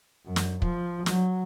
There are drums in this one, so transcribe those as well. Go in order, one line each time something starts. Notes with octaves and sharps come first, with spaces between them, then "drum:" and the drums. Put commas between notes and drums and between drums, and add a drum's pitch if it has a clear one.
F#2
drum: snare
F3, drum: kick
F#3, drum: snare